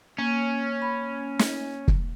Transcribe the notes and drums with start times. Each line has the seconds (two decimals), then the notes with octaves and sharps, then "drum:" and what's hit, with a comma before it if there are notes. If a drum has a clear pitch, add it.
0.18 A#3 C#4
0.82 B5
1.39 drum: snare
1.88 drum: kick